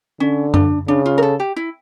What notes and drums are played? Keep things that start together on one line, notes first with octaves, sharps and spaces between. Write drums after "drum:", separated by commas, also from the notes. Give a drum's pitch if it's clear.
D3 C#4
D4, drum: tom F#2
C#3 D4
F4
A#4
A4
G4
E4